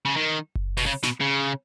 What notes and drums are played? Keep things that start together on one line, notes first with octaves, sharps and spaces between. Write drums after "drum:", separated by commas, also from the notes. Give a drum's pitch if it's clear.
C#3
D#3
drum: kick F#1
B2, drum: open hi-hat
C#3
B2, drum: snare
C#3